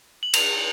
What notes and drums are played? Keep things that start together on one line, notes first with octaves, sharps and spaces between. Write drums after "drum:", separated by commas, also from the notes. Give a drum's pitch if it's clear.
F#7
F7, drum: cymbal